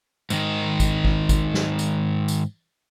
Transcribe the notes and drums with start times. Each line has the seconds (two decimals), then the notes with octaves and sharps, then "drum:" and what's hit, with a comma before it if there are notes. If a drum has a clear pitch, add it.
0.30 G#2 D#3, drum: tambourine
0.80 drum: kick G#1, tambourine
1.05 drum: kick G#1
1.29 drum: kick G#1, tambourine
1.54 drum: snare
1.79 drum: tambourine
2.28 drum: tambourine